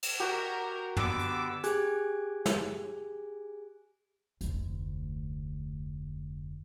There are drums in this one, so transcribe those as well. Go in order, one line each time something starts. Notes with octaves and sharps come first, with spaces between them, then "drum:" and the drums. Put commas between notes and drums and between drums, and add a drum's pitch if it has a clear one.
drum: cymbal
F#4 G4 A#4
D3 B3 D6 E6, drum: tom
drum: hi-hat
G4 G#4 G#5 D6 F#6 G#6, drum: hi-hat
drum: snare
F1 D2, drum: hi-hat